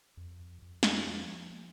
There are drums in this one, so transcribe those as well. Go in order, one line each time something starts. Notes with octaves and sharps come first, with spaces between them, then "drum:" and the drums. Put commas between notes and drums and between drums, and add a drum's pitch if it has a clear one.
F2
F2
drum: snare
F3
A#3